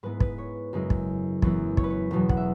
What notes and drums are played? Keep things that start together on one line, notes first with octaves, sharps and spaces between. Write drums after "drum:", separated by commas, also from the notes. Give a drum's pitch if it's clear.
G#2 G#3 B3 E4 B4
B4, drum: kick
C#5
F#2 C#3 G#3 E4
drum: kick
F#2 E3 B3 E4, drum: kick
C#5, drum: kick
B4
C#5
E1 E2 B2 F#3
F#5, drum: kick
E5